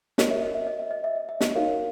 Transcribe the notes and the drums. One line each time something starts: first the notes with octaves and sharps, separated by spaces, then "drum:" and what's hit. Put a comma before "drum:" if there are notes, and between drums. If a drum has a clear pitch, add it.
F#4 A#4 C#5 D#5, drum: snare
E5
D#5
E5
D#5
E5
D#5
E5
D#5
E5
D#5, drum: snare
D#4 F#4 A#4 C#5 F5